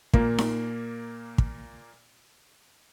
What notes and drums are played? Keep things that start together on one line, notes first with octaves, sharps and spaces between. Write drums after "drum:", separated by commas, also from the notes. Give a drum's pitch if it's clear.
A#2 A#3, drum: kick
drum: snare D#4
drum: kick